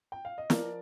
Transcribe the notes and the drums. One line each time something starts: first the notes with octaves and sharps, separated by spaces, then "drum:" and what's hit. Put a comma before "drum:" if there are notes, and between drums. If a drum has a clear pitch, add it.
G5
F5
D#5
F3 A#4 D5, drum: snare